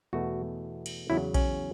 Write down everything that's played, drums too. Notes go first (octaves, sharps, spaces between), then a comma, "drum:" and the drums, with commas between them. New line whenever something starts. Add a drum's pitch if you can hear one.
E2 B2 A3 F#4
drum: cymbal
E2 C#3 F#3 E4
C#4, drum: kick A#1, cymbal